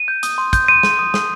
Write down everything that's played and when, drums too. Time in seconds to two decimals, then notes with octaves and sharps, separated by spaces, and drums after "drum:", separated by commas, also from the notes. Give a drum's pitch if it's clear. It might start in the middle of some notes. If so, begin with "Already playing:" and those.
Already playing: D#7
0.08 G6
0.23 D#6, drum: hi-hat
0.38 C6
0.53 G6, drum: kick, hi-hat
0.68 C6 D#7
0.83 C6, drum: snare
0.99 D#6
1.14 D#6, drum: snare